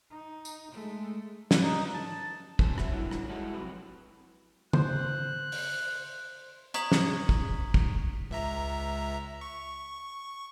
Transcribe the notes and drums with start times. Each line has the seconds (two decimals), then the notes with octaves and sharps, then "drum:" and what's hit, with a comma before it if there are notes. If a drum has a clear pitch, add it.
0.11 D#4
0.45 drum: tambourine
0.72 G#3 A3
1.51 B4, drum: snare
1.63 D#4
1.94 A5
2.59 C4 C#4 A4 B4, drum: kick
2.78 F#3 E5, drum: rim click
2.91 D3 F#3 G3 E4
3.11 drum: rim click
3.29 G#3 D#4 E4 F#4 A4
3.54 F2 C3 F#3 B4
4.73 C5 F#6, drum: tom C#3
5.52 drum: open hi-hat
6.74 A#5 C#6 D#6 G#6 B6 F#7, drum: hi-hat
6.92 drum: snare
7.29 drum: kick
7.74 drum: kick
8.31 C#2 E5 A#5
9.41 C#6